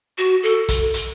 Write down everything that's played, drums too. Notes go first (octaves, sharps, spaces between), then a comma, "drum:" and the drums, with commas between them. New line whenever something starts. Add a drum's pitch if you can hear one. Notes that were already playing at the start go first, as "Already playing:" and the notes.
F#4
A4
drum: kick, hi-hat
drum: hi-hat